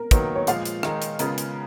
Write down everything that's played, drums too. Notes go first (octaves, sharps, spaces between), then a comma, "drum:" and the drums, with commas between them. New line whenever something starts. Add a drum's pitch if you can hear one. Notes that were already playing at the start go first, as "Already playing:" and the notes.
Already playing: A#4
D#3 F#3 A#3 B4, drum: kick, hi-hat
C#5
A#2 F3 G#3 F5, drum: hi-hat
drum: hi-hat
D#3 G#3 D#4 A#4, drum: rim click
drum: hi-hat
C#3 G#3 B3 F4 A#4, drum: hi-hat
drum: hi-hat